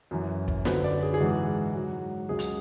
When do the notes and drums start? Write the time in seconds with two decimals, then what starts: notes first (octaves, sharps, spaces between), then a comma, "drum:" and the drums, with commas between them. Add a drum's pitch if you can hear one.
0.11 F#2 E3
0.48 drum: kick
0.65 F#2 D3 F#3 B4, drum: snare
0.84 D5
1.02 G#4
1.14 G#4
1.20 G#2 E3 F#4
1.75 G#2 F#3
2.29 C#2 C#3 F#3 G#4
2.39 drum: hi-hat